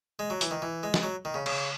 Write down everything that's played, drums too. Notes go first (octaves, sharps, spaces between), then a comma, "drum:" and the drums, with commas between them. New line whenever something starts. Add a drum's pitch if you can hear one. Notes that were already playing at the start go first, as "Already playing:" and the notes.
G#3
F#3
E3, drum: hi-hat
D#3
E3
G#3
drum: snare
F#3
D#3
C#3
C#3, drum: cymbal